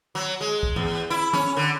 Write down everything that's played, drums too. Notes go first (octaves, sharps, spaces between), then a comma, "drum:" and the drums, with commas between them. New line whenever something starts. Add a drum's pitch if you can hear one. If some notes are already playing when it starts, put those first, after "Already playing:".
F#3
G#3
drum: kick
E2, drum: tom
E4
C#4, drum: tom
D3